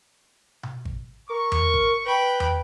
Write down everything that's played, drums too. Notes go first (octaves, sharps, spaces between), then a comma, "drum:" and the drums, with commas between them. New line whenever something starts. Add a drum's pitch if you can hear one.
drum: tom B2
drum: kick G#1
A#4 C#6
drum: tom E2
drum: kick G#1
B4 G5 B5
drum: tom E2